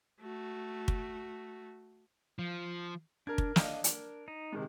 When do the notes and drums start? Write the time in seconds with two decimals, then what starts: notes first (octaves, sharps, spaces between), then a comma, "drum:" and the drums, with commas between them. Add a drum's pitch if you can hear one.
0.21 A3 F#4
0.88 drum: kick
2.39 F3
3.27 D4 A#4 G#6
3.38 drum: kick
3.56 D4 D#5 F5 F6, drum: snare
3.84 A#4, drum: hi-hat
4.28 D#4
4.52 C3 D#3 G#3